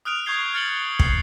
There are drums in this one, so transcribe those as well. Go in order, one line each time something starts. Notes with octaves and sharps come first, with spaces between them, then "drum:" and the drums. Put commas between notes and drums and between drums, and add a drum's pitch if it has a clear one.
D#6 F6 F#6 D7 F7
C#6 D#6 G6 G#6 C7 G7
F6 A6 C#7 F#7 G7
C7, drum: kick